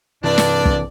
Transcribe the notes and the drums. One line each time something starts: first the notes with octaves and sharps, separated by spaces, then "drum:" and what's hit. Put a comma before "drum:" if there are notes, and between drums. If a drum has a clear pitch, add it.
G2 C3 E3 D4 D5
drum: snare
drum: kick